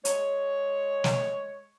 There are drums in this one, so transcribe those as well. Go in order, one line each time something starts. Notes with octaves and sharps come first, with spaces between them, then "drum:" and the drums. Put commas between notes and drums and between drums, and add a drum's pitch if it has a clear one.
G#3 C#5, drum: hi-hat
drum: snare